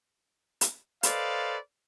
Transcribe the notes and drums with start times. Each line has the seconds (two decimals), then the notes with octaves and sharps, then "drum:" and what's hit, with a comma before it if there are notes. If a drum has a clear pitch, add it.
0.61 drum: hi-hat
1.03 A4 B4 C5 D5 D#5 F5, drum: hi-hat